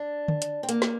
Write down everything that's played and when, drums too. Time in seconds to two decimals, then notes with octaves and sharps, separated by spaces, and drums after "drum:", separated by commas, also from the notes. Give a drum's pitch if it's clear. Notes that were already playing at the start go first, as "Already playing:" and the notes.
Already playing: D4
0.28 drum: tom D3
0.42 drum: hi-hat
0.63 C4
0.69 A#3, drum: hi-hat
0.82 drum: snare